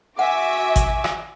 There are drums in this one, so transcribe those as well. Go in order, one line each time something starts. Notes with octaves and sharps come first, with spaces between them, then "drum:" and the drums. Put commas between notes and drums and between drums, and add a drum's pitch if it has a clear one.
F#4 E5 F#5 G#5 D6
drum: kick, hi-hat
drum: rim click